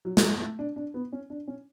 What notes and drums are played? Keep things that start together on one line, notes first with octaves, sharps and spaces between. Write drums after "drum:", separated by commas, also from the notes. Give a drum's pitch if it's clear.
F#3
F#3, drum: snare
G#3
A3
D4
D4
B3
C#4
D4
C#4